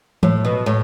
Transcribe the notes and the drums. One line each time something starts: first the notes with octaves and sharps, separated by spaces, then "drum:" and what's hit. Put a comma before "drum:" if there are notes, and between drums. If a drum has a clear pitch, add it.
A2, drum: tom E3
B2
A2